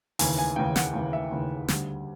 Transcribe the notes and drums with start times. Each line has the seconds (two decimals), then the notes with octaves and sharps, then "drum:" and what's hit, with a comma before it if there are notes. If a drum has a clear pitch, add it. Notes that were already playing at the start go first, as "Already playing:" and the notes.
0.19 D#2 C#3 E3 G#5, drum: open hi-hat
0.39 G#5
0.56 D#2 C#3 E3 G5
0.76 F#5, drum: snare
0.94 D#2 C#3 E3
1.13 E5
1.31 D#2 C#3 E3
1.68 D2 D3 G3, drum: snare